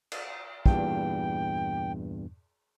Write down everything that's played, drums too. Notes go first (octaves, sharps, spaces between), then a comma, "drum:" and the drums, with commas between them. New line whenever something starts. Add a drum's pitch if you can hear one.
drum: cymbal
E2 G2 A#2 G5, drum: kick